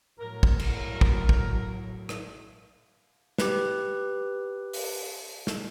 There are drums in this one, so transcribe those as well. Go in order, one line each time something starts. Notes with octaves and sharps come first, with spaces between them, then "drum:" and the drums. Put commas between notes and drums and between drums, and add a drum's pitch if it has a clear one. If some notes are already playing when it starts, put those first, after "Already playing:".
A2 F#3 A#4
drum: kick
drum: cymbal
drum: kick
drum: kick
drum: rim click
G4 B4, drum: snare
drum: open hi-hat
drum: snare